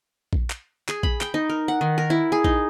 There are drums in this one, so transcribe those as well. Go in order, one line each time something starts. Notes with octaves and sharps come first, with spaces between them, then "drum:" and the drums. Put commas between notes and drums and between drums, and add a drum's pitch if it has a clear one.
drum: kick A#1
drum: clap
G#4, drum: clap
B5, drum: kick A#1
G5, drum: clap
D#4
A#4
F#5
D#3
A#4
E4
G#4
D#4, drum: kick A#1